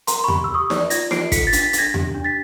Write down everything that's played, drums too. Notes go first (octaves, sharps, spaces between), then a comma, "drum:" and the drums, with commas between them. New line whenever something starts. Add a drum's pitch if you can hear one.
A#4 A#5 C6, drum: hi-hat
B5 C#6
G4, drum: tom E2
G4 E6
C#6 D#6
D5, drum: snare D#4
F4 G#6 A#6, drum: hi-hat
F4 C7 D7, drum: snare D#4
A4 B6 C#7, drum: kick, hi-hat
A6 B6
D4, drum: hi-hat
A6 B6
D4, drum: hi-hat
G#6 A#6
G4, drum: tom E2
D4
A6 B6